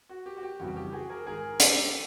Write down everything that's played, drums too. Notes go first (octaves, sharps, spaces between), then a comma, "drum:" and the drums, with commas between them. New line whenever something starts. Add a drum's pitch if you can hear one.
F#4
G4
F#4
G4
F2 C#3 E3 G3 F#4
G4
F#4 G#4
G#4 A#4
G#2 D#3 G#3 G#4 A#4
G4 A4, drum: hi-hat